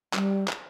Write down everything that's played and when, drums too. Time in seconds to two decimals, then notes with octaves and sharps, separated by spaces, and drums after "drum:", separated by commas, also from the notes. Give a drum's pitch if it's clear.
0.13 G3, drum: clap
0.48 drum: clap